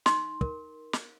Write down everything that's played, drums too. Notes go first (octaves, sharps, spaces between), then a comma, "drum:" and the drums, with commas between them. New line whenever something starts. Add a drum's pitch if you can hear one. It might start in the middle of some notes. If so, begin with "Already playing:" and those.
D#4 C6, drum: snare
A#4, drum: kick
drum: snare